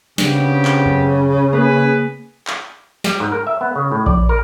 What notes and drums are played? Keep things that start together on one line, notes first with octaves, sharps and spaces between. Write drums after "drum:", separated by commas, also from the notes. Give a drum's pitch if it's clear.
C#3 B3 C4 D4 G4, drum: snare
drum: clap
F#2
A#3 G#4 B4
drum: clap
G3, drum: snare
G#2
A#4
E5
B3
C#3
A2
D5, drum: kick A#1
A#4